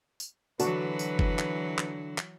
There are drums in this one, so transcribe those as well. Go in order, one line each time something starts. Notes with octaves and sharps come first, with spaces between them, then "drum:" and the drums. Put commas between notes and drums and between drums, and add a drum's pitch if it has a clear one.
drum: tambourine
D3 E3 F#3 F#4 B4 A5, drum: tambourine
drum: tambourine
drum: kick F#1
drum: clap
drum: clap
drum: clap